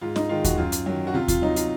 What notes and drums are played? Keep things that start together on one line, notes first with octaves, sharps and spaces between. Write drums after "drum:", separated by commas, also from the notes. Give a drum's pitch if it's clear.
G#2 F4
D#4, drum: snare
D#3 G#3 F4
F#4, drum: kick D#2, hi-hat
F#2 F4
drum: hi-hat
D#3 F#3
F#4
C3 F4
F4, drum: kick D#2, hi-hat
F#3 D#4
F4, drum: hi-hat